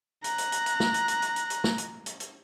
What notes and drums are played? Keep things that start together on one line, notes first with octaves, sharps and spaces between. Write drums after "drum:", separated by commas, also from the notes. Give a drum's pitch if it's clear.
A#5 F#6, drum: hi-hat
drum: hi-hat
drum: hi-hat
drum: hi-hat
drum: snare
drum: hi-hat
drum: hi-hat
drum: hi-hat
drum: hi-hat
drum: hi-hat
drum: snare
drum: hi-hat
drum: hi-hat
drum: hi-hat